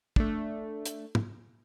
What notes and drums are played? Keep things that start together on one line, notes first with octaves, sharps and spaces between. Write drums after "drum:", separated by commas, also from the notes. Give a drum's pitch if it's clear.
A3 D4, drum: kick
drum: hi-hat
drum: tom